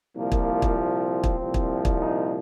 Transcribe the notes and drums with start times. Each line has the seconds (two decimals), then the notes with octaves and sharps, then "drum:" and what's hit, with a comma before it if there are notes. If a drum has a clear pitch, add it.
0.16 C2 A#2 F3 A#3
0.32 drum: kick
0.62 drum: kick
0.78 C4
1.24 drum: kick
1.39 C2 A#2 F3
1.54 drum: kick
1.85 drum: kick
2.00 D#4